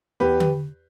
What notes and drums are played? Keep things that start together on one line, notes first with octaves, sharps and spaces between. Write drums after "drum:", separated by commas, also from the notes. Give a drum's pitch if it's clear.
E2 G4 B4
drum: tom D3